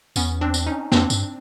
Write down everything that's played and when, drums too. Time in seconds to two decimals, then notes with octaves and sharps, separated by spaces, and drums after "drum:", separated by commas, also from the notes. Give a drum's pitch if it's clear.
0.16 E2 B3 C#4, drum: tambourine
0.41 C4 D4
0.54 drum: tambourine
0.67 C#4 D#4
0.92 F2 C4 D4, drum: snare
1.10 G2, drum: tambourine